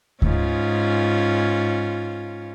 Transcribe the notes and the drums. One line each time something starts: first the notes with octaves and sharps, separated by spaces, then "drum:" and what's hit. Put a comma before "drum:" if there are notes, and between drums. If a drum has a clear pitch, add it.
G#2 C#4 F4, drum: kick D2